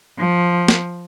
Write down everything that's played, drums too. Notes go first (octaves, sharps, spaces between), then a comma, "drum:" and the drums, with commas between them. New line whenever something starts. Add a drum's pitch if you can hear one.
F3
drum: snare